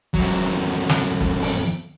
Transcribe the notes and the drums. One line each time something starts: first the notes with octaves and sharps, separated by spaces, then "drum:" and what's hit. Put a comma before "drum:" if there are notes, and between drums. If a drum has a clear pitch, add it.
F2 F#3, drum: kick
drum: snare
drum: kick
drum: open hi-hat